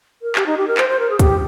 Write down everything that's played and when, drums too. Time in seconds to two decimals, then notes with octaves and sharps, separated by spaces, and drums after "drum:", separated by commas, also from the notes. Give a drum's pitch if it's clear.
0.22 A#4
0.36 G4, drum: clap
0.46 D#4
0.57 G4
0.67 A#4
0.77 C5, drum: clap
0.89 C5
0.99 A#4
1.09 G#4
1.19 G4, drum: kick, hi-hat